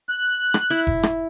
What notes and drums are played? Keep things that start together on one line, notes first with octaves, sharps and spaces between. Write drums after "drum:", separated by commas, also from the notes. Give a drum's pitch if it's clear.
F#6
drum: rim click
E4
drum: kick F1
drum: rim click